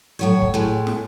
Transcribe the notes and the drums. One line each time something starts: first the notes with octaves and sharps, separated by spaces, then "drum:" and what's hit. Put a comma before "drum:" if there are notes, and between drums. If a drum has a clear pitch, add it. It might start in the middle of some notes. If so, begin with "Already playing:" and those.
A2 F#3 C#5
drum: kick
A2 G#3
drum: snare